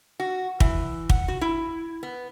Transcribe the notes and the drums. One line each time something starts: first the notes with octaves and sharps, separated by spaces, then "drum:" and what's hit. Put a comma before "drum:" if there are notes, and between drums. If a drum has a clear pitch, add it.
F#4
E3, drum: kick
F#5, drum: kick
F#4
E4
B3